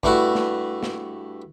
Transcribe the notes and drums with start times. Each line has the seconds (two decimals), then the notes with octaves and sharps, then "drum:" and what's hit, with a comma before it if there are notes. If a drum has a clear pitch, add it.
0.03 G2 A3 E4 F#4, drum: kick
0.35 drum: snare
0.83 drum: snare